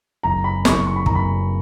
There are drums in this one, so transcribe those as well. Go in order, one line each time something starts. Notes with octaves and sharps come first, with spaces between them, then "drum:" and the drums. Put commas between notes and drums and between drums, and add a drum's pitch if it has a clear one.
F#1 A#5
B5
F#1 C#6, drum: snare
C#6
B5
F#1 A#5, drum: kick
B5